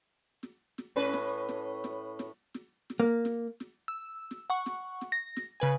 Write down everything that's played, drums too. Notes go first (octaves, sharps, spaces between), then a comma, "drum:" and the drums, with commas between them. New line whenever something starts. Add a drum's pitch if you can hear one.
drum: snare
drum: snare
A2 C#4 B4
drum: snare
drum: snare
drum: snare
drum: snare
drum: snare
drum: snare
A#3
drum: snare
drum: snare
E6
drum: snare
F#5 C#6
drum: snare
drum: snare
A#6
drum: snare
C#3 B4 G#5